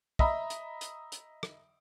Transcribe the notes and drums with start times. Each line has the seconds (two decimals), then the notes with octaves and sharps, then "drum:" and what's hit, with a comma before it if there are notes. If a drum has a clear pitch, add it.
0.19 D#5 E5 A#5 B5, drum: kick
0.50 drum: hi-hat
0.81 drum: hi-hat
1.12 drum: hi-hat
1.43 drum: rim click